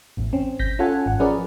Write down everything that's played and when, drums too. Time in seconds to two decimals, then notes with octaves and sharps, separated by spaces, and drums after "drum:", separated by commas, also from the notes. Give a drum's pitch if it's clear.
0.17 A1 E2
0.33 C4 C#4
0.59 G6 A#6 B6, drum: kick G1
0.79 C#4 F4 A4 F#5 G#5
1.06 G#1 F#5
1.19 F3 C#4 G#4 A#4 B4 D5